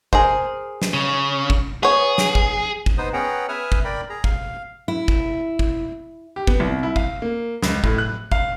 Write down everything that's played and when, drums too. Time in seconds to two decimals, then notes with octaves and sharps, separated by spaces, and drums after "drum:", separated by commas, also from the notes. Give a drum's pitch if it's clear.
0.13 G#4 A#4 C5, drum: kick
0.82 drum: snare
0.94 C#3
1.50 drum: kick
1.83 B3 G#4 C#5
2.18 drum: snare
2.35 drum: kick
2.86 drum: kick
2.98 B3 D#4 C5 D#6
3.13 B3 C#4 G#4 F#5 G5 A#5
3.48 B4 E5 G#5 D#6 F6
3.72 drum: kick
3.85 A#4 D5 G5 B5
4.10 G#4 A#5
4.24 F5, drum: kick
4.88 E4
5.08 drum: kick
5.59 drum: kick
6.36 G4
6.47 B3, drum: kick
6.60 C2
6.83 E4
6.96 F5, drum: kick
7.22 A#3
7.63 C#2, drum: snare
7.84 A2, drum: kick
7.98 F#6
8.32 F5, drum: kick